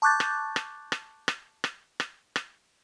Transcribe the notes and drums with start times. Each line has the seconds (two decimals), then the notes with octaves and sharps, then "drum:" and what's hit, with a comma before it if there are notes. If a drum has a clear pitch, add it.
0.02 A5 C#6 D6 F#6 G6 A6
0.20 drum: rim click
0.56 drum: rim click
0.92 drum: rim click
1.28 drum: rim click
1.64 drum: rim click
2.00 drum: rim click
2.36 drum: rim click